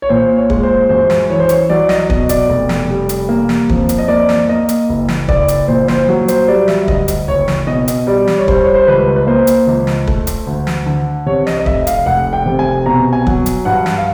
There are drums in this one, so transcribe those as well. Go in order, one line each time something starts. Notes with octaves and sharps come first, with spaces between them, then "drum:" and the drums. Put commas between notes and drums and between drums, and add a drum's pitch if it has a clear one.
C#5
A#2 C5
C#5
G#3, drum: kick
C5
F#2 C5
drum: snare
E3 C#5
C5
C#5, drum: hi-hat
F#3 D5
D#5, drum: snare
B2 D#5, drum: kick
D5, drum: hi-hat
F1
drum: snare
G3
drum: hi-hat
A#3
drum: snare
F2, drum: kick
drum: hi-hat
D#5
A#3 D5
drum: snare
A#3 D#5
drum: hi-hat
F#1
drum: snare
F#1 D5, drum: kick
drum: hi-hat
A#2 C5
C5, drum: snare
F#3
C5, drum: hi-hat
G3 D5
E5, drum: snare
D2 D#5, drum: kick
drum: hi-hat
F#1 C#5
drum: snare
B2 D#5
drum: hi-hat
G3 D5
drum: snare
C#5
G3 C5, drum: kick
C#5
C5
C#2 B4
B4
A#3 C5
drum: hi-hat
C#2
drum: snare
A3, drum: kick
drum: hi-hat
D2
drum: snare
D3
C3 C#5
D#5, drum: snare
D#5
F1 E5, drum: kick
F5, drum: hi-hat
F1 F#5
G5
C3
G#5
B2 A#5
G#5
F#3, drum: kick
drum: hi-hat
G2 F#5
drum: snare
F5